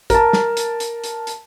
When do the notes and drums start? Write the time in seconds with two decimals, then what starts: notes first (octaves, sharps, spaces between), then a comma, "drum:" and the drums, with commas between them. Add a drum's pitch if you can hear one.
0.10 A#4 A5, drum: kick, hi-hat
0.33 drum: snare
0.57 drum: hi-hat
0.80 drum: hi-hat
1.04 drum: hi-hat
1.27 drum: hi-hat